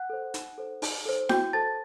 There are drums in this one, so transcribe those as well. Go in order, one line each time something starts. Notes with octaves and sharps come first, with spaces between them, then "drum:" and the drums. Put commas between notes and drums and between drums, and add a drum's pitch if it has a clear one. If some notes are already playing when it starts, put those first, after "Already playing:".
Already playing: F#5 F#6
A4 C5
D#4, drum: hi-hat
A4 C5
D#4, drum: open hi-hat
A4 C5
F#4 G5 G6, drum: snare E4
A4 C5 A5 A6